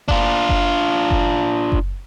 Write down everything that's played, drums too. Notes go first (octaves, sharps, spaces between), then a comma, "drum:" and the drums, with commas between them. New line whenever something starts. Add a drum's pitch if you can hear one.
D4 F4, drum: kick F#1
drum: kick F#1
drum: kick F#1
drum: kick F#1